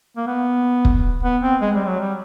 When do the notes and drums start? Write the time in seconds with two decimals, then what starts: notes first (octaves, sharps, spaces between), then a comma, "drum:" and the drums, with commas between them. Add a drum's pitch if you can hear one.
0.17 A#3
0.27 B3
0.85 drum: kick
1.23 B3
1.42 C4
1.61 G#3
1.75 G3
1.87 F#3
2.00 G3